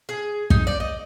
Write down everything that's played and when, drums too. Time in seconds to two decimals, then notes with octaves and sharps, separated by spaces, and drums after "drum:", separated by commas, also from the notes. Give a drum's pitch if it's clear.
0.09 G#4
0.50 D#4, drum: kick
0.67 D5
0.80 D#5